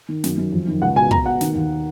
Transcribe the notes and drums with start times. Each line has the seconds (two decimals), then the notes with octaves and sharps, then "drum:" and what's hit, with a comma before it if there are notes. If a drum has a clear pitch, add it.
0.09 D#3
0.24 F#2, drum: snare
0.37 F#2
0.52 F2
0.67 D#3
0.82 C#2 F#5
0.96 B2 G#5
1.11 B2 A#5, drum: kick
1.26 B2 F#5
1.41 D#3, drum: snare
1.55 D#2